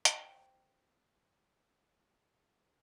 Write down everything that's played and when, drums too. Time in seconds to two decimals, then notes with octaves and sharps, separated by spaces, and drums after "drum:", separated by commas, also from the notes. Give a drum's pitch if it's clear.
0.05 C5 G5, drum: hi-hat